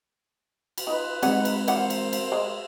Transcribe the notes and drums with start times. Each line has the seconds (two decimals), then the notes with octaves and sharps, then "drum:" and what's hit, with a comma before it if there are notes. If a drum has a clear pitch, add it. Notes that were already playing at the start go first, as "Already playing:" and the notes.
0.78 drum: cymbal
0.87 D#4 F4 B4
1.23 G#3 C4 D#4 G#4 F#5, drum: cymbal
1.45 drum: cymbal
1.68 E3 F3 A#4 C5 F#5, drum: cymbal
1.90 drum: cymbal
2.13 drum: cymbal
2.32 G#3